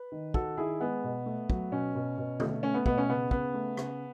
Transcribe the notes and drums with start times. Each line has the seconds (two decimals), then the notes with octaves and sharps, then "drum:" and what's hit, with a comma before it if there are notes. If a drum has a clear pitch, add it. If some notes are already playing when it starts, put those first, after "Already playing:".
Already playing: B4
0.12 D#3
0.34 D#3 F#4 A4, drum: kick
0.57 D#3 E4 G#4
0.80 G#3 B3
1.04 B2
1.26 A3
1.50 F#3, drum: kick
1.72 B2 C#4
1.95 B2
2.18 B2
2.40 A3, drum: tom
2.63 A3 C#4
2.74 B3
2.86 B2 B3, drum: kick
2.98 C#4
3.09 C#3 B3
3.31 C#3 B3, drum: kick
3.54 A3
3.77 C#3, drum: rim click